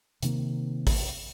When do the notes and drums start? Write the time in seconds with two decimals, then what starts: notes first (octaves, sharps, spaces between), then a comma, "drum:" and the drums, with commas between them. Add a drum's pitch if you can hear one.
0.23 C3 D#3 A#3, drum: hi-hat
0.87 drum: kick, open hi-hat